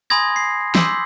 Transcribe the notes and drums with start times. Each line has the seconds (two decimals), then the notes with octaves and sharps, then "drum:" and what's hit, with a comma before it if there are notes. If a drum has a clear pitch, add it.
0.10 G#5 B5 C6 D#6 G#6 A#6
0.36 C7
0.75 C6 D6 E6 G6 B6 C7, drum: snare